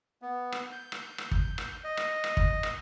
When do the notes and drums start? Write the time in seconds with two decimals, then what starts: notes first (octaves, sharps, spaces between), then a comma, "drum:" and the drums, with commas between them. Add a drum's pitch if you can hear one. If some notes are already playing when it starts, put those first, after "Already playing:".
0.22 B3
0.52 drum: rim click
0.72 G6
0.92 drum: rim click
1.18 drum: rim click
1.31 drum: kick
1.58 drum: rim click
1.84 D#5
1.97 drum: rim click
2.24 drum: rim click
2.37 drum: kick
2.63 drum: rim click